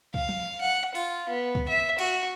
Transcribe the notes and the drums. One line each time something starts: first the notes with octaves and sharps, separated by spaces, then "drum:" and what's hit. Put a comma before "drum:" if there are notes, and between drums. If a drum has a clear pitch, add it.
F5, drum: kick
drum: tom
F#5
F4, drum: open hi-hat
B3
drum: kick
E5
F#4, drum: cymbal